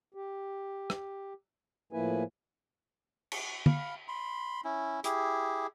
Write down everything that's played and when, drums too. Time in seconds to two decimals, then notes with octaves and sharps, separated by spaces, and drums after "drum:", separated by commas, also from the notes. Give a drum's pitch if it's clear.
0.14 G4
0.90 drum: rim click
1.92 A2 F3 A#3 E4 B4 G#5
3.32 drum: cymbal
3.66 F5 B5, drum: tom
4.08 B5 C6
4.65 C#4 E4
5.04 E4 G4 G#4, drum: hi-hat